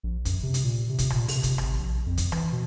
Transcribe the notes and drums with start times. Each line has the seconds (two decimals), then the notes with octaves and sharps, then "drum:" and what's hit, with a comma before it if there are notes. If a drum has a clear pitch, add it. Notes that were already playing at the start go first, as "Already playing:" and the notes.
0.03 A#1
0.25 F#2, drum: kick, hi-hat
0.43 C3
0.54 drum: hi-hat
0.64 A#2
0.89 C3
0.99 drum: kick, hi-hat
1.10 A#2, drum: rim click
1.28 C3, drum: open hi-hat
1.43 drum: kick, hi-hat
1.58 G#1, drum: rim click
1.79 A#1
2.06 F2
2.17 drum: kick, hi-hat
2.32 E3, drum: rim click
2.52 B2